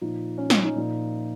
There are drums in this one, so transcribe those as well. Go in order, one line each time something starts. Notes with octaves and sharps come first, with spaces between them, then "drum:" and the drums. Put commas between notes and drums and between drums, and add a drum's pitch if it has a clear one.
A#2 F3 D#4
C#4
C#4, drum: snare
D#4
A#2 F3